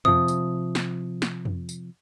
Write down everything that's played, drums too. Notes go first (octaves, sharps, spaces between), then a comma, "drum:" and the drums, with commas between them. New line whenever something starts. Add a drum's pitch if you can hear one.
C3 F3 D#6, drum: tom F2
drum: tambourine
drum: snare
drum: snare
drum: tom F2
drum: tambourine